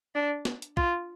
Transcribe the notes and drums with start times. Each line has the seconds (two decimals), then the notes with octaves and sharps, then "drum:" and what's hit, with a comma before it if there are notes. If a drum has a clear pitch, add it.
0.15 D4
0.45 drum: snare
0.62 drum: hi-hat
0.77 F4, drum: kick